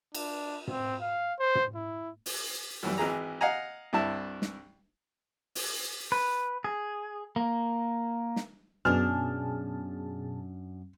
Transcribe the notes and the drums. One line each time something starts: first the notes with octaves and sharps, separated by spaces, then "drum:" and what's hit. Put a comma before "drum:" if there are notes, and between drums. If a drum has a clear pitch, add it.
D4, drum: cymbal
C4, drum: tom
F5
C5
drum: tom
E4
drum: open hi-hat
F#2 E3 G3
G#1 E3 G#4 A#5
D#5 F5 F#5 G#5 A#5
C2 G2 E4 A5
drum: snare
drum: open hi-hat
B4
G#4
A#3
drum: snare
F#2 B2 D4 G#4 A5 F6